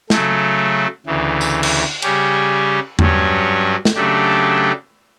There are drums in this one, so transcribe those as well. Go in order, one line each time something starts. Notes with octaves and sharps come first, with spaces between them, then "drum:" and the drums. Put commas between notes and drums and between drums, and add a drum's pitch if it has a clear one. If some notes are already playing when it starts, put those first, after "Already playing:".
C#3 F#3 A3, drum: snare
D2 C#3 E3
drum: tambourine
drum: cymbal
C#3 G3 C#4 G4, drum: cymbal
G2 F#3 C#4, drum: tom E2
drum: snare
C#3 F#3 A3 D4 G4